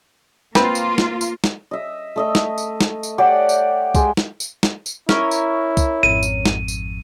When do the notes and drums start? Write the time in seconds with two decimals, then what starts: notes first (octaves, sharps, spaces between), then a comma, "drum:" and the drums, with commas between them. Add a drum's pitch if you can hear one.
0.55 A#3 C4 F4 B4, drum: snare
0.75 drum: tambourine
0.98 drum: snare
1.21 drum: tambourine
1.44 drum: snare
1.71 D#5 E5
2.16 A3 D#5 E5
2.35 drum: snare
2.58 drum: tambourine
2.81 drum: snare
3.03 drum: tambourine
3.18 G4 C#5 D5 F#5
3.49 drum: tambourine
3.95 G#3 G4, drum: kick, tambourine
4.17 drum: snare
4.40 drum: tambourine
4.63 drum: snare
4.86 drum: tambourine
5.09 C#4 E4 A#4 C#5, drum: snare
5.31 drum: tambourine
5.77 drum: kick, tambourine
6.03 G#1 F2 D#7
6.23 drum: tambourine
6.45 drum: snare
6.68 drum: tambourine